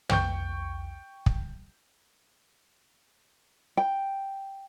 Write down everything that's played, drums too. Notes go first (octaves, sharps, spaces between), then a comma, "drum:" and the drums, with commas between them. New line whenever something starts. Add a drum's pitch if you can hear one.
G5 C#6 G6, drum: tom
drum: kick
G5